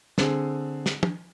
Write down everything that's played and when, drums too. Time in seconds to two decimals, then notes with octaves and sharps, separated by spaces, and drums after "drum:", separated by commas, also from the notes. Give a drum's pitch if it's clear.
0.18 D3 C4 G#4, drum: snare
0.86 drum: snare
1.03 drum: tom